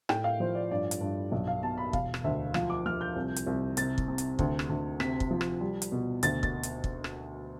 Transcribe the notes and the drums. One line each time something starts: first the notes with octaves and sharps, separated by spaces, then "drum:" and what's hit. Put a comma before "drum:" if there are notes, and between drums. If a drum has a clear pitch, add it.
A2 G5, drum: rim click
F5
F3 C5
D5
G2 D5
drum: hi-hat
G2
B1
F5
B2 A5
B5
E1 F5, drum: kick
drum: rim click
D2 E5
F3 F5, drum: rim click
D6
F3 F6
G6
C2
drum: hi-hat
C2
C3 A6, drum: hi-hat
drum: kick
C3
drum: hi-hat
D2, drum: kick
drum: rim click
D2
C3 B6, drum: rim click
drum: kick
F3
drum: rim click
G3
drum: hi-hat
B2
D2 A6, drum: hi-hat
A6, drum: kick
drum: hi-hat
drum: kick
drum: rim click